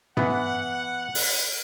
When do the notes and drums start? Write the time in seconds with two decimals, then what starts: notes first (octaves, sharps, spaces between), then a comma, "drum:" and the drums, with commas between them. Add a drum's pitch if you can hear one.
0.17 E3 B3 F#5, drum: tom
1.15 drum: open hi-hat